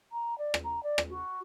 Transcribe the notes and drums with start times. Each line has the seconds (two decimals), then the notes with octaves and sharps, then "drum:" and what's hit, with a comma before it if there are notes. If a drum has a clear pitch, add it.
0.12 A#5
0.38 D5
0.54 drum: rim click
0.64 A#5
0.83 D5
0.98 drum: rim click
1.10 F#4